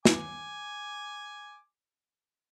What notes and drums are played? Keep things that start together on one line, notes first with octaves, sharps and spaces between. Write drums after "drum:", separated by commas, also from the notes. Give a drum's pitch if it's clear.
G#5 D6, drum: snare